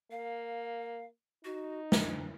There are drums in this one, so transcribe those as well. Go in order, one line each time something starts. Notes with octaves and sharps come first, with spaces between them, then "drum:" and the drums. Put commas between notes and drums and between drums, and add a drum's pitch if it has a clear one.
A#3 F5
D#4 F#4
D4, drum: snare